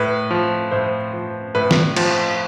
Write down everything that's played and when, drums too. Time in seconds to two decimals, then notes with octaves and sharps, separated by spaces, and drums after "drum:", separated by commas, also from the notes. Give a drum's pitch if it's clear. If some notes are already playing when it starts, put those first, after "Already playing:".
Already playing: A2 B4
0.31 F3
0.71 A2 C5
1.14 F3
1.55 A2 B4
1.71 drum: snare
1.96 F3, drum: cymbal